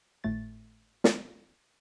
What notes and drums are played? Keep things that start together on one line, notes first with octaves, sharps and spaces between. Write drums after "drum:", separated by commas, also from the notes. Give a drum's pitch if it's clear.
G#1 A2 A3 A6
drum: snare